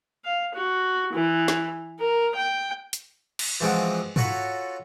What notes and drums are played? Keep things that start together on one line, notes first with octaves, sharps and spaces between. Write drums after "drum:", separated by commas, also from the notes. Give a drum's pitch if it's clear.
F5
F#4
E3
drum: snare
A#4
G5
drum: hi-hat
drum: cymbal
E3 F3 G#3 C4 F4 F#4
F4 F#4 A4 C#5 A#5 B5, drum: tom G#2